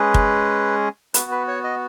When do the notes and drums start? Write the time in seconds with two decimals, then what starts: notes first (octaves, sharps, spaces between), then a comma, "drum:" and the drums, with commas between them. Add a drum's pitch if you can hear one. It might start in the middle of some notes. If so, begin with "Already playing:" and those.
Already playing: G#3 C#4 G#4 B4
0.14 drum: kick
1.14 B3 F#4 B4, drum: hi-hat
1.31 B4
1.48 C#5
1.64 D#5